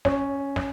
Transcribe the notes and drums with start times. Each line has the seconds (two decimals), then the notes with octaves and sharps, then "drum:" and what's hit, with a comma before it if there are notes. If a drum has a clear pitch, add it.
0.05 C#4, drum: snare
0.56 drum: snare